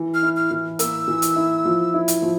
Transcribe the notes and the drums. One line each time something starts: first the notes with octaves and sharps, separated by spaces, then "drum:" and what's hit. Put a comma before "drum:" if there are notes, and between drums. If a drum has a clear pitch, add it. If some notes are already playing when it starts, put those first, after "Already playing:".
Already playing: E3
F6
E4
F6
E3
A#3 E6, drum: hi-hat
E3
drum: hi-hat
E4
F3
E4
drum: hi-hat
F3